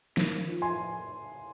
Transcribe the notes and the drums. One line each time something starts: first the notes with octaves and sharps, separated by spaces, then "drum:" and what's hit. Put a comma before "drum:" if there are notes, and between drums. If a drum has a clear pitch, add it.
D#3, drum: snare
F3
G#5 C6